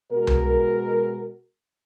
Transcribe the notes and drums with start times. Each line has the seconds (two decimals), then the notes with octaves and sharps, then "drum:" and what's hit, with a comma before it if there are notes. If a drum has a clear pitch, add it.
0.13 B2 G#3 F#4 A#4
0.27 drum: tom C2